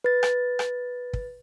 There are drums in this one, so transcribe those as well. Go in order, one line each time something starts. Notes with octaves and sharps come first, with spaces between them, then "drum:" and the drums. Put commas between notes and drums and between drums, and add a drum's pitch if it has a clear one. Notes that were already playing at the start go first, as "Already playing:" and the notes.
B4 A6
drum: rim click
drum: rim click
drum: kick